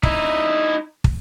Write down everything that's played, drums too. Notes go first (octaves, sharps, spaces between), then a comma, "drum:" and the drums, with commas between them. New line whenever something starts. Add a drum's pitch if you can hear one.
D#4 E4, drum: kick
drum: kick